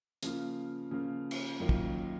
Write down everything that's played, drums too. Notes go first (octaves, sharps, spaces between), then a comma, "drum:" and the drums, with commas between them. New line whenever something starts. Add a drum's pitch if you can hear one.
C#3 F3 A#3 F4, drum: hi-hat
C#3 F3 A#3 F4
drum: cymbal
F#2 D#3 A#3 F4
drum: kick